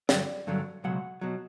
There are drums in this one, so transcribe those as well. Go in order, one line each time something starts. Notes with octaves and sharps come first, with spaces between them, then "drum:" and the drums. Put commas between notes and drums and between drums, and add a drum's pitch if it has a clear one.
G2 D3 F#3 D5, drum: snare
G2 D3 F#3
C#2 B2 F#3 F#5
B2 F#3